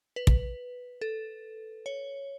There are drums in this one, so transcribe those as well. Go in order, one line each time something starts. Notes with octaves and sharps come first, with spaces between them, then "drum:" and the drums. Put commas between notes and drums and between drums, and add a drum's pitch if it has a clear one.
B4
drum: kick
A4
C#5